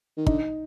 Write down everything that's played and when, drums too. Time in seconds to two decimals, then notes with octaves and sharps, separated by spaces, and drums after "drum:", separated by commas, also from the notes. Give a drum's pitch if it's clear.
0.17 D#3
0.27 D3 D#4, drum: kick